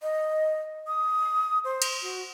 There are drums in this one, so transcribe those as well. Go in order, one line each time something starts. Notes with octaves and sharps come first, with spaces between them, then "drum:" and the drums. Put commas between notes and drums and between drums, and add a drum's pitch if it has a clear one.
D#5
D#6
C5
drum: cymbal
F#4